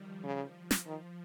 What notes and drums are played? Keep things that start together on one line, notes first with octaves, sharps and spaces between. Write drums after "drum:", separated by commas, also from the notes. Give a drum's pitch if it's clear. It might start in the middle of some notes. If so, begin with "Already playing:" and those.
Already playing: D#3 F3 G3
C#3
F3
drum: snare
D#3